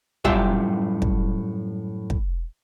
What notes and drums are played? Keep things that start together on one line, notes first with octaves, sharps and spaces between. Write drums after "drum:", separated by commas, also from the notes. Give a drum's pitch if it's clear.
F#2 A2 G3 F4 G4 E5, drum: kick
drum: kick
drum: kick